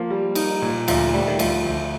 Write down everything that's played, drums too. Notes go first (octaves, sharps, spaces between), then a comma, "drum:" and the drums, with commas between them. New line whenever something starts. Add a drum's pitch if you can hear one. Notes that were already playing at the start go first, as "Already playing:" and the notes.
Already playing: F3 A#3
G3
D#4, drum: cymbal
A#2
D2 F3, drum: cymbal
G3 A3
D#3
D2 F3, drum: cymbal
D2